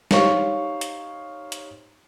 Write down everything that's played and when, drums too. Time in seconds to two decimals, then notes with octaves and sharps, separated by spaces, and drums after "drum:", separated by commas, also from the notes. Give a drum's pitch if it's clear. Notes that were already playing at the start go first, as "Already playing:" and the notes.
0.11 D#4 G4 C5 C#5 F5 C#6, drum: snare
0.81 drum: hi-hat
1.52 drum: hi-hat